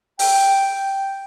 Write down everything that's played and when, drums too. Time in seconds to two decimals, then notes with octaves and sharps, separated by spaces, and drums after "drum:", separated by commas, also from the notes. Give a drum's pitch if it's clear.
0.19 G5, drum: open hi-hat